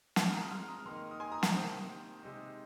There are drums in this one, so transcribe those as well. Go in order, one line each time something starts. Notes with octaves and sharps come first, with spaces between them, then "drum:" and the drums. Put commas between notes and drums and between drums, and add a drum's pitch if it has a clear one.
F3 G#3 C4 C6 F6, drum: snare
A#5 D#6
C6 F6
A#5 D#6
D#3 A#3 D#4 C6 F6
D#6
G#5 C6
A#5 D#6
A#5 D#6, drum: snare
C3 D#3 A#3 C5
C3 G#3 D#4